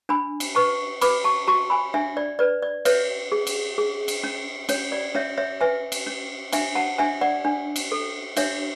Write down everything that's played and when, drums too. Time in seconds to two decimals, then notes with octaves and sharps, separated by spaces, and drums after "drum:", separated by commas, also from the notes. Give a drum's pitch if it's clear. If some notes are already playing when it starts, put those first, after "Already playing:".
0.09 D4 G#5 B5
0.40 drum: cymbal
0.55 B4 A5 C#6
1.01 B4 B5 D6, drum: cymbal
1.24 A5 C#6
1.47 F#4 A5 C#6
1.70 G#5 B5
1.94 D4 E5 G#5
2.17 D5
2.39 B4 D5
2.62 D5
2.85 B4 C#5 E5, drum: cymbal
3.32 G#4
3.47 drum: cymbal
3.78 G#4
4.08 drum: cymbal
4.24 C#4
4.69 C#4 C#5, drum: cymbal
4.92 D5
5.15 C#4 C#5 E5
5.38 C#5 E5
5.61 B4 E5 G#5
5.92 drum: cymbal
6.07 C#4
6.52 D4 E5 G#5, drum: cymbal
6.75 F#5 A5
6.98 D4 E5 G#5
7.21 D5 F#5
7.45 D4
7.76 drum: cymbal
7.92 A4
8.37 D4 C#5 E5, drum: cymbal